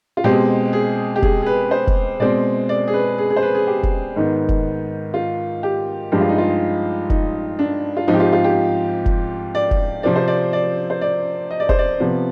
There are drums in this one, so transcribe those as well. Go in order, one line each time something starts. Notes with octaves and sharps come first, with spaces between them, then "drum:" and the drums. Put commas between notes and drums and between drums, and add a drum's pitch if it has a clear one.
F4
B2 G#3 C4 G4
G#4
G4
G#4, drum: kick
G#4
B4
C5
drum: kick
B2 G#3 C4 D5
D5
G#4
B4
G#4
G#4
C5
B4
G#4
G4
drum: kick
G#2 D#3 B3
drum: kick
F4
G4
G2 F3 G#3 G4
F4
D#4
F4
D#4, drum: kick
D4
F4
G#2 F3 C4 D#4
G4
F4
F4
G4
drum: kick
D5
drum: kick
C3 F3 C4 D5
C5
D5
D5
C5
D5
D#5
D5
C5, drum: kick
D5
C3 F3 B3